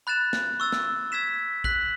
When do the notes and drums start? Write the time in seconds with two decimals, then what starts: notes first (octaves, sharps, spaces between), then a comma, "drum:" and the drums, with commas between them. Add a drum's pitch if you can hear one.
0.07 B5 F#6 A6 E7
0.33 drum: snare
0.60 C#6 E6 A6
0.72 drum: snare
1.12 E6 G#6 B6 E7
1.64 F#6 B6 F#7, drum: kick A#1